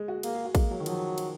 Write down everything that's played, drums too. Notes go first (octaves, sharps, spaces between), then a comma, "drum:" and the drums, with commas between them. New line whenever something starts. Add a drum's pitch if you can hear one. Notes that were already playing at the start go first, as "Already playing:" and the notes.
Already playing: G#3
F#4
A#3 G#4, drum: cymbal
G#4
F#4
G#3 A#3, drum: kick, cymbal
F#3
D#3
F3 F#3, drum: cymbal
drum: cymbal